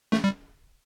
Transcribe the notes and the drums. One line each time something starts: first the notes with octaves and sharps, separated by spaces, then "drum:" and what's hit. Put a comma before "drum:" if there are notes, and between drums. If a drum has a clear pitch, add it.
A3, drum: snare
G3